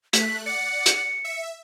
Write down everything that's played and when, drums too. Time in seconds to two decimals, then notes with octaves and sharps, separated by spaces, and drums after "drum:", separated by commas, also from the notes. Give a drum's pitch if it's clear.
0.13 A3 F#6 B6, drum: hi-hat
0.46 D5 F#5 C#7
0.86 drum: hi-hat
1.25 E5